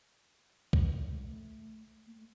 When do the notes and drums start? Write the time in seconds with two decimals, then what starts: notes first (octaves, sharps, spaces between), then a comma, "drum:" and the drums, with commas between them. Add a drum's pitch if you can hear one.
0.73 drum: kick
0.83 G#3
0.92 A3
1.01 G#3
1.24 A3
2.06 A#3
2.14 A3